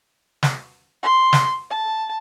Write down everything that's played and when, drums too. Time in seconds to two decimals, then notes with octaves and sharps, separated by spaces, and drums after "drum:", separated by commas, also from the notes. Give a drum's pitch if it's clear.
0.43 drum: snare
1.03 C6
1.33 drum: snare
1.70 A5